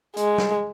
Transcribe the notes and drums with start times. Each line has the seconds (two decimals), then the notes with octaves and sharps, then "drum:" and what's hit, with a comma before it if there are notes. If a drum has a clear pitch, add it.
0.17 G#3, drum: hi-hat
0.38 drum: snare